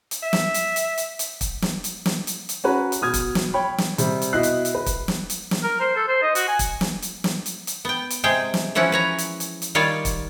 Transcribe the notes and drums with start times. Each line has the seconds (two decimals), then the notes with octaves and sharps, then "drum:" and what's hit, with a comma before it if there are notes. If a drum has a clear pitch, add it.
0.11 drum: hi-hat
0.23 E5
0.33 drum: snare
0.54 drum: hi-hat
0.76 drum: hi-hat
0.98 drum: hi-hat
1.19 drum: hi-hat
1.41 drum: kick, hi-hat
1.62 drum: snare
1.84 drum: hi-hat
2.06 drum: snare
2.27 drum: hi-hat
2.49 drum: hi-hat
2.64 C#4 F#4 B4 A#5
2.92 drum: hi-hat
3.02 B2 D#6 F6 G#6
3.14 drum: kick, hi-hat
3.35 drum: snare
3.54 C#5 G5 B5
3.78 drum: snare
3.98 C3 G3, drum: hi-hat
4.22 drum: hi-hat
4.33 B2 E4 D#5 E5 F#6 C7
4.43 drum: hi-hat
4.65 drum: hi-hat
4.75 B4
4.86 drum: kick, hi-hat
5.08 drum: snare
5.30 drum: hi-hat
5.51 drum: snare
5.63 A#4
5.80 C5
5.96 A4
6.08 C5
6.22 D#5
6.35 F#4, drum: hi-hat
6.48 G#5
6.59 drum: kick, hi-hat
6.81 drum: snare
7.02 drum: hi-hat
7.24 drum: snare
7.46 drum: hi-hat
7.67 drum: hi-hat
7.85 B3 G5
8.10 drum: hi-hat
8.24 C3 G#3 G#4 G5
8.54 drum: snare
8.75 E3 F3 C#4 E4 F#5
8.92 B4 C#5 A#5
9.18 drum: hi-hat
9.40 drum: hi-hat
9.62 drum: hi-hat
9.75 D#3 G3 F4 C#5 D5 F5
10.05 drum: kick, hi-hat